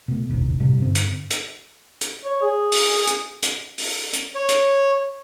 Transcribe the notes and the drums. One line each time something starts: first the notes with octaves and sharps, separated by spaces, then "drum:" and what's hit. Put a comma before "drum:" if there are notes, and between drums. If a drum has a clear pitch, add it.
B2 A3
F1 A#1 D#2 C3
A2 C3 G3
G2 D3 C4
drum: hi-hat
drum: hi-hat
drum: hi-hat
C#5
G#4
drum: open hi-hat
drum: hi-hat
drum: hi-hat
drum: open hi-hat
drum: hi-hat
C#5
drum: hi-hat